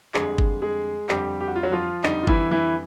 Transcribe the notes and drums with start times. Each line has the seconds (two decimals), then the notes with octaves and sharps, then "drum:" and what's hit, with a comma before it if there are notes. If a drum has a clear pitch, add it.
0.14 F2 D3 G3 G#3 G#4, drum: clap
0.38 drum: kick G1
0.62 G#3 G#4
1.09 F2 D3 G3 G4, drum: clap
1.40 G4
1.48 F#4
1.56 F4
1.63 F#3 F#4
1.72 F3 F4
2.04 F2 D3 G3 D#4, drum: clap
2.23 F4
2.27 E3 E4, drum: kick G1
2.51 E3 E4